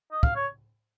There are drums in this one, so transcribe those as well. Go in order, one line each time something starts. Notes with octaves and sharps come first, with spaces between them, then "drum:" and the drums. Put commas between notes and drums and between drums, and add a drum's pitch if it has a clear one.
D#5
F5, drum: kick
C#5